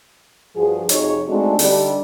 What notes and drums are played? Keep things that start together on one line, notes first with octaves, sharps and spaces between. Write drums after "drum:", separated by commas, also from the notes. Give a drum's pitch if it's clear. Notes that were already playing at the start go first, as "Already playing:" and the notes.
G2 F3 F#4 G#4
F2 C3 D#4 F#4 G#4 C#5, drum: hi-hat
G#3 A3 C4 D4 D#4 F#4
D3 G3 D4 D#4 G4 D5, drum: open hi-hat